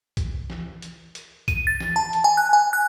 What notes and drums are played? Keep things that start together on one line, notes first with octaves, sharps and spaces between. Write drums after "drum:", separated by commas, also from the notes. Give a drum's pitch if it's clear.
drum: kick, hi-hat
drum: snare
drum: hi-hat
drum: hi-hat
D#7, drum: kick, hi-hat
A6
drum: snare
A5
drum: hi-hat
G#5
F#6
G#5
F#6